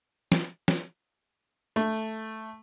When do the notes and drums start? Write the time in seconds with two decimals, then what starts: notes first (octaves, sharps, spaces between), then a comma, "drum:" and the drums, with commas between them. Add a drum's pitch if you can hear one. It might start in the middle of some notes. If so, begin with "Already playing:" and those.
0.32 drum: snare
0.68 drum: snare
1.76 A3